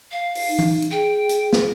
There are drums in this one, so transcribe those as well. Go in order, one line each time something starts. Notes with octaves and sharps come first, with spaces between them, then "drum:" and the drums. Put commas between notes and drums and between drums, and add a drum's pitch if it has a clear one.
F5
drum: open hi-hat
D#4
drum: tom E3
drum: hi-hat
G#4 G5
drum: hi-hat
drum: snare